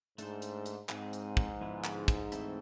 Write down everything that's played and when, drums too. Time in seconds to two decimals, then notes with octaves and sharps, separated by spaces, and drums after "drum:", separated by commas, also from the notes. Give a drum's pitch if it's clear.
0.18 G#2 A3 D4 A4 C5, drum: hi-hat
0.42 drum: hi-hat
0.66 drum: hi-hat
0.89 G#2 G#3 C4 G#4, drum: clap
1.13 drum: hi-hat
1.37 drum: kick
1.61 D3 F3 B3 E4 B4
1.84 drum: clap
2.08 drum: kick, hi-hat
2.32 E3 A3 C4 E4 A4, drum: hi-hat